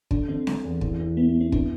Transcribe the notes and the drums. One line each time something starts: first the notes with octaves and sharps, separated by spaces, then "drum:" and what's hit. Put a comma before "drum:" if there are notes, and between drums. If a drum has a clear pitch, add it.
D3 D4, drum: kick
D3 C4
D3, drum: snare C4
E2
E3, drum: kick
E3
B3 E4
B3
E4
C4
B3 D4, drum: kick